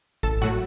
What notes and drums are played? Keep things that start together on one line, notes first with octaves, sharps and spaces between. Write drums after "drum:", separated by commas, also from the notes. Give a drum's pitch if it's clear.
A1 A4 A5, drum: kick G1
A2 F#3 A3 F#4 F#5